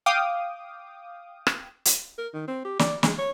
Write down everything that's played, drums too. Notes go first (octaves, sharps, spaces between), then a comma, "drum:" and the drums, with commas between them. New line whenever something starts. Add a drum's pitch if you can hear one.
F5 G5 D6 D#6
drum: rim click
drum: hi-hat
A#4
D#3
C4
G4
D5, drum: snare
G#3, drum: snare
C#5